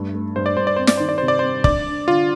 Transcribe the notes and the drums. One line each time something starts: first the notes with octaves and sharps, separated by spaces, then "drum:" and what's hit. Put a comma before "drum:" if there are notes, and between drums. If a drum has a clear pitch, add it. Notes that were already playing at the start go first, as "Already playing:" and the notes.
Already playing: G2 A3
A3
G2 C5
D5
G2 C5
D5
C4 C5
D5, drum: snare
D#3 C5
D5
C3 C5
D5
C5
C4
D4 D5, drum: kick
D4
D3 F4